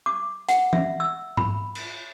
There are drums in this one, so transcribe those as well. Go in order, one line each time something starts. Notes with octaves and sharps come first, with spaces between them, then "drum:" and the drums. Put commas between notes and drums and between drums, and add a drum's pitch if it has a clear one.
D6
F#5, drum: hi-hat
E5, drum: tom E3
E6
B5, drum: tom G#2
drum: cymbal